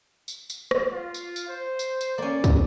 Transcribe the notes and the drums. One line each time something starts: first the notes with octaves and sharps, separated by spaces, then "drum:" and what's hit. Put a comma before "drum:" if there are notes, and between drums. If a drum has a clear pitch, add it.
drum: tambourine
drum: tambourine
drum: rim click
F4
drum: tambourine
drum: tambourine
C5
drum: tambourine
drum: tambourine
A#3 C#4 D5
drum: kick, tambourine